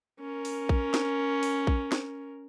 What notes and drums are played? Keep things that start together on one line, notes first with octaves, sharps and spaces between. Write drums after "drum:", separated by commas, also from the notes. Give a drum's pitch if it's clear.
C#4 A#4
drum: open hi-hat
drum: kick A#1
drum: snare
drum: open hi-hat
drum: kick A#1
drum: snare